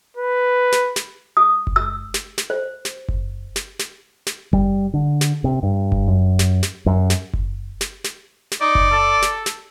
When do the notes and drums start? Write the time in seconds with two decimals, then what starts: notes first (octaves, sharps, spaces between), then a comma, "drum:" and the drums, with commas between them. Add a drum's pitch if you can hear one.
0.17 B4
0.72 drum: snare
0.96 drum: snare
1.37 D#6
1.67 drum: kick F#1
1.76 E6
2.14 drum: snare
2.38 drum: snare
2.50 C5
2.85 drum: snare
3.08 drum: kick F#1
3.56 drum: snare
3.79 drum: snare
4.27 drum: snare
4.53 G3, drum: kick F#1
4.94 D3
5.21 drum: snare
5.44 C3
5.63 G2
5.92 drum: kick F#1
6.08 F#2
6.39 drum: snare
6.63 drum: snare
6.86 F#2
7.10 drum: snare
7.33 drum: kick F#1
7.81 drum: snare
8.04 drum: snare
8.52 drum: snare
8.61 D#4 D5
8.75 drum: kick F#1
8.91 A4
9.22 drum: snare
9.46 drum: snare